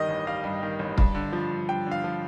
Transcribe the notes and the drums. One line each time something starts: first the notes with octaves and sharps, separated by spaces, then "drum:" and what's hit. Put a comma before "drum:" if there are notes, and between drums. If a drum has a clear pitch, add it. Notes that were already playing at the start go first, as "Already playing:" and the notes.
Already playing: G2 D#3 G3 D#5
A1
G3 F5
G2
D#3
A1
G2, drum: kick
D3
F3
G2
G2 G5
D3
F5
F3